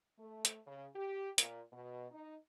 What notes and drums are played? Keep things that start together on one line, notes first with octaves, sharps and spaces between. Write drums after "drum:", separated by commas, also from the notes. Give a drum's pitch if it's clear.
A3
drum: hi-hat
C#3
G4
A#2, drum: hi-hat
B2
D#4